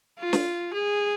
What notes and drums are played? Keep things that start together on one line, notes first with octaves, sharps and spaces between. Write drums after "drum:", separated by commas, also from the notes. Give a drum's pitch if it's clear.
F4
drum: snare
G#4